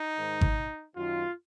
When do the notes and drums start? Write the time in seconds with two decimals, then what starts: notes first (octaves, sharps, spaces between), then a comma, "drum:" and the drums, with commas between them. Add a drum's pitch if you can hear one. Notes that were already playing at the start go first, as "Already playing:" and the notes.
Already playing: D#4
0.16 G#2 D#3
0.41 drum: kick G#1
0.96 F#2 D#3 F4